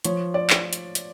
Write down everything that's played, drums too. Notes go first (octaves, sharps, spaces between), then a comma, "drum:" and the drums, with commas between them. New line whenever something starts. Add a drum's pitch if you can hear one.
F3 C#5, drum: hi-hat
D5
drum: clap
drum: hi-hat
drum: hi-hat